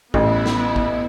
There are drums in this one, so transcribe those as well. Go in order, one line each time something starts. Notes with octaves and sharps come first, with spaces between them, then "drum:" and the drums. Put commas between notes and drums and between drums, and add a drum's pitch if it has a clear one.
A1 B3 E4, drum: kick
drum: snare
drum: kick